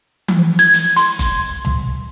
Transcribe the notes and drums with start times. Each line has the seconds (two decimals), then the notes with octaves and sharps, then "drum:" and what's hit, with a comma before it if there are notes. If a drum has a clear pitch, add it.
0.28 drum: tom E3
0.59 G#6
0.74 drum: hi-hat
0.96 C6, drum: hi-hat
1.19 drum: kick F#1, hi-hat
1.65 drum: tom C#2